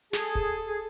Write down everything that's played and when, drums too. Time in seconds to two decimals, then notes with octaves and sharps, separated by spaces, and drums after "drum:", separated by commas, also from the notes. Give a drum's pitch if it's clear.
0.13 G#4 A4, drum: snare
0.35 drum: kick D#1
0.67 G#4